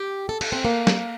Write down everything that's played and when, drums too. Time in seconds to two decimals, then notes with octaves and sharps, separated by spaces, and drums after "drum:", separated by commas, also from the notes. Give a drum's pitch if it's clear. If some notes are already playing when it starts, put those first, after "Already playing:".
Already playing: G4
0.29 A4
0.41 A4, drum: cymbal
0.52 C4
0.65 A#3
0.87 drum: snare